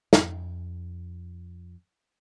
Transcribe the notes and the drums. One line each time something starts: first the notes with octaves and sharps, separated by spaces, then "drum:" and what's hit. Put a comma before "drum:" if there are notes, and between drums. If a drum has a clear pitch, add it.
F2 C#4, drum: snare